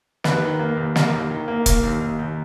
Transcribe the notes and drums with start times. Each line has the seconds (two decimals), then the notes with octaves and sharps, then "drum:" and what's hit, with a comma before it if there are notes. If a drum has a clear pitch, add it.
0.24 D#2 B4, drum: snare
0.42 D#3
0.59 A#3
0.77 D#2
0.96 A#3, drum: snare
1.13 D#2
1.31 D#3
1.48 A#3
1.66 A#3, drum: kick E1, hi-hat
1.83 D#2
2.01 D#2
2.19 D#2